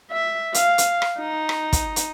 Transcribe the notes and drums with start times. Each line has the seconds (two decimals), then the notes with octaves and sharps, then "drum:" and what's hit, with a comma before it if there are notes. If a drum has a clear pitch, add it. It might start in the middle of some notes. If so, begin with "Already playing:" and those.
0.11 E5
0.54 F5, drum: hi-hat
0.78 drum: hi-hat
1.02 drum: rim click
1.18 D#4
1.49 drum: rim click
1.73 drum: kick, hi-hat
1.96 drum: hi-hat